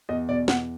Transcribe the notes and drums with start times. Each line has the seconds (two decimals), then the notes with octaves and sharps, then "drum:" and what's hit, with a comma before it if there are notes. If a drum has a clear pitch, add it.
0.09 E2 D#5
0.29 B2 D5
0.48 E2 F#5, drum: snare